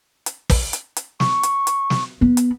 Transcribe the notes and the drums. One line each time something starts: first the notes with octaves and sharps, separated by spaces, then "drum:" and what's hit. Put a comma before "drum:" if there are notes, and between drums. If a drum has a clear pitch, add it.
drum: hi-hat
drum: kick, open hi-hat
drum: hi-hat
drum: hi-hat
C#6, drum: snare
drum: hi-hat
drum: hi-hat
drum: snare
B3
drum: hi-hat